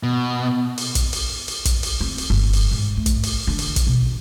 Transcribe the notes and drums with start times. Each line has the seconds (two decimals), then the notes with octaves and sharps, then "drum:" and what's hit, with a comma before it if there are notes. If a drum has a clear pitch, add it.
0.03 B2
0.78 drum: open hi-hat
0.95 drum: kick, hi-hat
1.13 drum: open hi-hat
1.48 drum: open hi-hat
1.65 drum: kick, hi-hat
1.83 drum: open hi-hat
2.01 C4
2.18 drum: open hi-hat
2.30 G1
2.53 drum: open hi-hat
2.71 G#2
2.97 A3
3.06 drum: kick, hi-hat
3.23 drum: open hi-hat
3.47 D3
3.59 drum: open hi-hat
3.76 drum: kick, hi-hat
3.87 B2